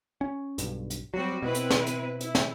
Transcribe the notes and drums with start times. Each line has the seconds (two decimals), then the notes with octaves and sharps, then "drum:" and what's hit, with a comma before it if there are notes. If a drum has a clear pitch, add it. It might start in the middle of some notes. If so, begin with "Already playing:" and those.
0.21 C#4
0.58 B1 G2, drum: hi-hat
0.90 drum: hi-hat
1.14 F#3 G3 C4 F#4
1.42 B2 C4 E4 B4
1.54 drum: hi-hat
1.70 drum: snare
1.87 drum: hi-hat
2.21 E4, drum: hi-hat
2.35 drum: snare